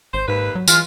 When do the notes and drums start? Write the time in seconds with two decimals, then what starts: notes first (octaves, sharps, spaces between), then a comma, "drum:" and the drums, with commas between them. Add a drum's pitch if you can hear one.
0.14 G#1 C5
0.28 D#2 G#2 B4
0.55 F#3
0.68 E3 G#3 F4 F6, drum: tambourine